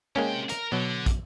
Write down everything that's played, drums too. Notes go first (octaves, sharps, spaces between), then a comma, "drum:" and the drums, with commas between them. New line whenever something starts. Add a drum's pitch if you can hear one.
C3 G#3 A#3 C#4 G5
A#4, drum: hi-hat
B2 D3 F#3
drum: kick, hi-hat